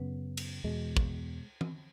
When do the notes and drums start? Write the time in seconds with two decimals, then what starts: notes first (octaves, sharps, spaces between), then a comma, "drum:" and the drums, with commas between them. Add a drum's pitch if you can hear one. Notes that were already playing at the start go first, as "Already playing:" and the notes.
Already playing: F#2 C#3 B3
0.37 drum: cymbal
0.64 E2 B2 G#3
0.97 drum: kick
1.61 drum: tom